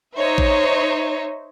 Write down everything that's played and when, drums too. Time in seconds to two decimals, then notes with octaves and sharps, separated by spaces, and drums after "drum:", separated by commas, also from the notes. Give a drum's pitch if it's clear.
0.15 D#4 C5 C#5 E5
0.38 drum: kick A1